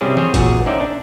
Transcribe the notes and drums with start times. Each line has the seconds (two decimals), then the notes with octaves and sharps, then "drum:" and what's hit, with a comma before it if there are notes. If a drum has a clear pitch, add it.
0.01 C3 G3 C4 C#4 E4 G#4
0.17 C4 G#4 C5 C#5, drum: tom
0.34 A#2 E3 F#4 G#4, drum: kick, hi-hat
0.66 C#4 D#4 C5 D5 E5 G5
0.81 D4